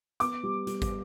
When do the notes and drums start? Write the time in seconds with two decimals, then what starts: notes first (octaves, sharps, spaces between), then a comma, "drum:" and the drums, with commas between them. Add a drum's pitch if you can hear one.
0.20 B3 D6, drum: hi-hat
0.43 G3
0.67 G3, drum: hi-hat
0.82 drum: kick, hi-hat